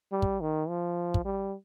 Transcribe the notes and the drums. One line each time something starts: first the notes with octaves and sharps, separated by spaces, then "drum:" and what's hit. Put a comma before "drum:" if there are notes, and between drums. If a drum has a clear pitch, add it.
G3
drum: kick
D#3
F3
drum: kick
G3